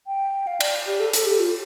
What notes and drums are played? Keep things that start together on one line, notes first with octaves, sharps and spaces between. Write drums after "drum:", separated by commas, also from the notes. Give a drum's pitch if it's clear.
G5
F5
D5, drum: cymbal
G4
A4
A4, drum: hi-hat
G4
F4